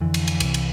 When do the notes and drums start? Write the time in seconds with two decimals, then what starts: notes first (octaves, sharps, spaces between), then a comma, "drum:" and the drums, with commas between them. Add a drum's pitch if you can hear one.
0.01 F2 D3 E3
0.14 drum: cymbal
0.28 drum: cymbal
0.40 C2 C3, drum: cymbal
0.54 drum: cymbal